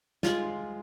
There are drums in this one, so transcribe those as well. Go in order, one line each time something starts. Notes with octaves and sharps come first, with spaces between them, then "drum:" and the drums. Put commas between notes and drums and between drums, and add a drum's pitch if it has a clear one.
G#3 F4, drum: snare